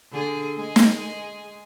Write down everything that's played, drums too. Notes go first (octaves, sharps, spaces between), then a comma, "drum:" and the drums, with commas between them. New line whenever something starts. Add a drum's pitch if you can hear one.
D3 G#4
G#3 G#4
drum: snare